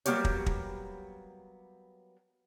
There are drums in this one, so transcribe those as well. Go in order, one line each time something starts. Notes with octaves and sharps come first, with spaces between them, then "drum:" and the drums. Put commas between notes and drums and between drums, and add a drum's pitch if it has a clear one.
F#3 G3 A#3 B3 G4 C#5, drum: hi-hat
drum: kick
drum: kick